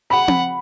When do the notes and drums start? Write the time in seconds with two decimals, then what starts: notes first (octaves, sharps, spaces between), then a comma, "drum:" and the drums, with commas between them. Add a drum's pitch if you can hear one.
0.10 F#5 B5
0.28 drum: tom C4